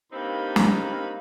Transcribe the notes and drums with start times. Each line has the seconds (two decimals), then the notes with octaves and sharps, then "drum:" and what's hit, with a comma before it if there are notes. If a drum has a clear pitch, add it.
0.12 G2 A#3 C4 D#4 B5
0.56 drum: snare